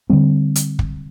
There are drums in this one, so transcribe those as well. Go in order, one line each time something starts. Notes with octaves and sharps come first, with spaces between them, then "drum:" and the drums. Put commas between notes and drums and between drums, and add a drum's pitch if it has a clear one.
D3 G3 C4
drum: hi-hat
drum: kick